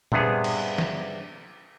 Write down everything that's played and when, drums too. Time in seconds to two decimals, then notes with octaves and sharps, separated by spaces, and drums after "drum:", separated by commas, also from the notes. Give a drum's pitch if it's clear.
0.12 G2 C3 B3 G#4, drum: tom A#2
0.44 drum: cymbal
0.78 drum: snare